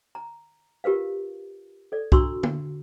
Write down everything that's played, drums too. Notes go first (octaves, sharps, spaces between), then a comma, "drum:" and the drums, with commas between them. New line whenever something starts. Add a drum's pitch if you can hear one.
A#5
F4 G4 A#4 B4 F5
A4 D5
D4 F#4 A#5 C6 C#6 E6, drum: kick C2
drum: tom